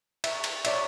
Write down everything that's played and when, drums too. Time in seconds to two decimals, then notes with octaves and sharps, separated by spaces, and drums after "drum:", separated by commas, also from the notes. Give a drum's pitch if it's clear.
0.24 E5, drum: cymbal
0.44 drum: cymbal
0.65 C#5 D5 E5, drum: cymbal